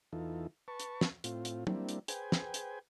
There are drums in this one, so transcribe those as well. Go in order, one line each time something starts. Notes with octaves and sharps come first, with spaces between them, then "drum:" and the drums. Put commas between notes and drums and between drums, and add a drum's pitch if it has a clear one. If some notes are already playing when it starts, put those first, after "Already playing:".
E2 E3 D#4 F4 A4
B4 A5 C#6
drum: hi-hat
drum: snare
A2 C4 F4, drum: hi-hat
drum: hi-hat
G3 A#3 C4 D4 E4, drum: tom
drum: hi-hat
G#4 B4 C5 G5 G#5, drum: hi-hat
drum: snare
drum: hi-hat